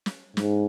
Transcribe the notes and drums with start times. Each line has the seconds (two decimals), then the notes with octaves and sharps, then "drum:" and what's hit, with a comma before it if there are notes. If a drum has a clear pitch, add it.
0.06 drum: snare
0.37 G#2, drum: snare